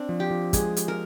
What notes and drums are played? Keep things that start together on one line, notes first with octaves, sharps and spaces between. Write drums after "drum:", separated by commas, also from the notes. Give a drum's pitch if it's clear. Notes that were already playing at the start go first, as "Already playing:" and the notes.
Already playing: C4 D4
F3
G4
F3
G#3 G#4, drum: kick, hi-hat
G4, drum: hi-hat
A#4